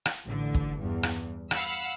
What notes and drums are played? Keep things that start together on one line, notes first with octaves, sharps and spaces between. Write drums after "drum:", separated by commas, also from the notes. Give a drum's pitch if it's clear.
drum: rim click
A1 D3
drum: kick
E2 G2
drum: rim click
F5 F#5 B5 E6, drum: rim click